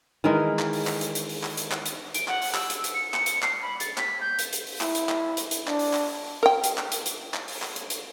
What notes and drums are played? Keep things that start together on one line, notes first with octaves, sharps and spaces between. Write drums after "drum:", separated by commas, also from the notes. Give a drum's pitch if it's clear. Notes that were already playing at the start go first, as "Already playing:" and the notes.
D#3 E3 G#3 A#4
drum: clap
drum: open hi-hat
drum: clap
drum: hi-hat
drum: hi-hat
drum: open hi-hat
drum: clap
drum: hi-hat
drum: clap
drum: hi-hat
D7, drum: hi-hat
F#5, drum: clap
drum: open hi-hat
E6, drum: clap
drum: hi-hat
drum: hi-hat
C#7
C#7, drum: clap
drum: hi-hat
C7, drum: clap
B5
A6, drum: hi-hat
B6, drum: clap
G6
drum: hi-hat
drum: hi-hat
drum: open hi-hat
E4, drum: clap
drum: hi-hat
drum: clap
drum: hi-hat
drum: hi-hat
D4, drum: clap
drum: open hi-hat
drum: clap
A#4 G5
drum: hi-hat
drum: clap
drum: hi-hat
drum: hi-hat
drum: clap
drum: open hi-hat
drum: clap
drum: hi-hat
drum: hi-hat